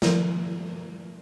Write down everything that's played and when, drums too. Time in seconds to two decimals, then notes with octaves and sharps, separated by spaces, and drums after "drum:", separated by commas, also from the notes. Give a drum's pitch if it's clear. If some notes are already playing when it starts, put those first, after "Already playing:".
0.02 D#3 F3, drum: snare